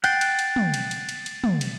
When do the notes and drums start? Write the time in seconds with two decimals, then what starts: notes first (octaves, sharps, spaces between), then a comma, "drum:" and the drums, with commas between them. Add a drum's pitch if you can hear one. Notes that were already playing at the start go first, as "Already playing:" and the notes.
0.04 F#5 G5 A6 C7 D7, drum: cymbal
0.21 drum: cymbal
0.39 drum: cymbal
0.56 drum: tom
0.74 drum: cymbal
0.91 drum: cymbal
1.09 drum: cymbal
1.26 drum: cymbal
1.44 drum: tom
1.61 drum: cymbal